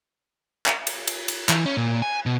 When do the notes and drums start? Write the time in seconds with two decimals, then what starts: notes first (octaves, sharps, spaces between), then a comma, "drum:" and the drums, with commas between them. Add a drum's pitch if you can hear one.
0.66 drum: clap
0.87 drum: cymbal
1.07 drum: cymbal
1.28 drum: cymbal
1.49 E3, drum: clap
1.66 C#4
1.77 A#2
2.02 G#5
2.26 B2